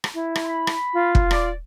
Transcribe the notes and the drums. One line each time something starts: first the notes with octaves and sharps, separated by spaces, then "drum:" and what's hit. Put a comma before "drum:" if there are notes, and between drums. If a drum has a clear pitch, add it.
drum: rim click
E4
drum: rim click
B5
drum: rim click
F4
drum: kick
D5, drum: rim click